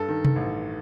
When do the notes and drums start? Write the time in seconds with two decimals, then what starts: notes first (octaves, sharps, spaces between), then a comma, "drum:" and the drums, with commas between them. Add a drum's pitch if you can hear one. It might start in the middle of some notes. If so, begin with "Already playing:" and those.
Already playing: G2 A4
0.09 D#3
0.25 drum: tom C3
0.36 A1